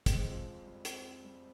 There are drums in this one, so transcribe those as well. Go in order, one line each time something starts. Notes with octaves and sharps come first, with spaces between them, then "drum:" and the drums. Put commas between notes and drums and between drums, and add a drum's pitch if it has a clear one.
G#3 C4, drum: kick, hi-hat
F2
F2
G3
C4, drum: hi-hat
C4
G3